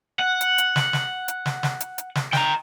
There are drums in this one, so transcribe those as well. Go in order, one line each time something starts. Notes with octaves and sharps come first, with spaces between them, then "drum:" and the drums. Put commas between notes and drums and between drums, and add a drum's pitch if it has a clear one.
F#5
drum: hi-hat
drum: hi-hat
drum: snare
drum: snare
drum: hi-hat
drum: snare
drum: snare
drum: hi-hat
drum: hi-hat
drum: snare
G5 A#5, drum: snare